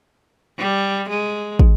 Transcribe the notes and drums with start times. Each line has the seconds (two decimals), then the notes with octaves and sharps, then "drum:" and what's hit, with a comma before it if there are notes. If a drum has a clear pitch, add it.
0.58 G3
1.09 G#3
1.59 drum: kick